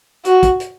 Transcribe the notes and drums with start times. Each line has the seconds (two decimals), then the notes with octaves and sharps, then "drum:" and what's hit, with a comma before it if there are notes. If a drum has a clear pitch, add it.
0.25 F#4, drum: hi-hat
0.43 drum: kick, hi-hat
0.60 drum: hi-hat